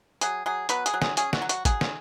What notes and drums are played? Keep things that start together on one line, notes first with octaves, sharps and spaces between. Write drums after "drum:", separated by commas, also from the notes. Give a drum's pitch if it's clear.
F#3 G#4, drum: hi-hat
F#3 G#4
F#3 B3 B4, drum: hi-hat
G#4, drum: hi-hat
F#3
G#4, drum: snare
C#4 G#4, drum: hi-hat
F#4, drum: snare
F#3
F#4, drum: hi-hat
F#3 G#4, drum: kick, hi-hat
drum: snare